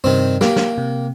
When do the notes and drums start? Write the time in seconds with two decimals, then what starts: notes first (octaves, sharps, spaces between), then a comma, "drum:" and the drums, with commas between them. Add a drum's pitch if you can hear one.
0.04 G2 C3 D#3 C4
0.41 A#3 G4, drum: snare
0.56 drum: snare
0.78 C3